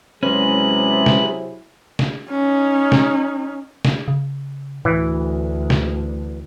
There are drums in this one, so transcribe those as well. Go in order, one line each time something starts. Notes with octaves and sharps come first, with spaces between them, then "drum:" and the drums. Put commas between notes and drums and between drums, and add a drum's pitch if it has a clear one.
C3 F#3 G#3 C#4 E4 G#4 B4 F#6
drum: snare
drum: snare
C#4 D#4
drum: snare
drum: snare
C#3
D2 A2 E3
drum: snare